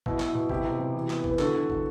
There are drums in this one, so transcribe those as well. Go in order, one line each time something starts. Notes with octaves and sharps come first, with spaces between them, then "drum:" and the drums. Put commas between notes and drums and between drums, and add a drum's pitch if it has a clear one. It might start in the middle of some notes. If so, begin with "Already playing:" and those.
B2 E4, drum: kick
B2, drum: clap
E4
B2
C3 E4 G4, drum: kick
C3
C3
E3
B3, drum: clap
E3, drum: kick
B4
D3 F#4 A4, drum: clap
D3
D3, drum: kick